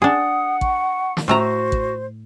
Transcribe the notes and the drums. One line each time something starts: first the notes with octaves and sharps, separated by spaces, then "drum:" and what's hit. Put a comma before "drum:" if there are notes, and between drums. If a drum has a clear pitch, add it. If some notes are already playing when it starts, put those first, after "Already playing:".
D4 G#4 F#5 D#6
C#6, drum: kick
drum: snare
A2 A3 F#4 C5 A#5
drum: kick